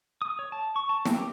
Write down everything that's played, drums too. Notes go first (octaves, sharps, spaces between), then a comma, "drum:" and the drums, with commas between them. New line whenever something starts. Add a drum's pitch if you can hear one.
D#6
C#5
A5
C#6
A5
C4, drum: snare
G4